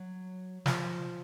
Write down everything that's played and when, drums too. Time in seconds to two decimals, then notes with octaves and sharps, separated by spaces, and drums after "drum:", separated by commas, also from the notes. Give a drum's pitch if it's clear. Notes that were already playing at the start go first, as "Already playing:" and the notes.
Already playing: F#3
0.66 F3, drum: snare